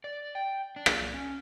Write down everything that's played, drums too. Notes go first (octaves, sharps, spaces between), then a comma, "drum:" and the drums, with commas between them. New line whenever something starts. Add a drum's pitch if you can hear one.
D5
G5
D4
drum: rim click
C#4